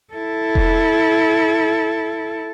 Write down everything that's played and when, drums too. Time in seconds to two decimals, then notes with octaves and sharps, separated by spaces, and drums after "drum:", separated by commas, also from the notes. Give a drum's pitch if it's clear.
0.14 E4 A4
0.55 drum: kick E1